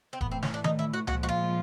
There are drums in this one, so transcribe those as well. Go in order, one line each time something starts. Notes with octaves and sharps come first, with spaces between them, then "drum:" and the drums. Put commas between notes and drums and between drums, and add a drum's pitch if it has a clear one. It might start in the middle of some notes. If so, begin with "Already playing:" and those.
C4
A2 E3 A3 B3, drum: kick E1
C4
C#4, drum: snare
D4
D#4, drum: tom D#3
E4
F#4
A#2 F3 G#3 F#4, drum: tom C#2
F#4
F4